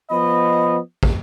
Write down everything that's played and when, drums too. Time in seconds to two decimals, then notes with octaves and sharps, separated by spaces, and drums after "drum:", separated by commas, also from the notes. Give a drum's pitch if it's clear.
0.10 F3 B3 D#5 B5
1.03 drum: kick